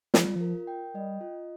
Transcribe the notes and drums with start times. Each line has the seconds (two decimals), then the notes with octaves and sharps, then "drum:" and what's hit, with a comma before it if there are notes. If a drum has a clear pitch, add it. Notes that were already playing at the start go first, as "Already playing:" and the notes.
0.14 F3 F4, drum: snare
0.25 G3
0.36 F3
0.41 A#4
0.67 G5
0.94 G3 D#5
1.21 F4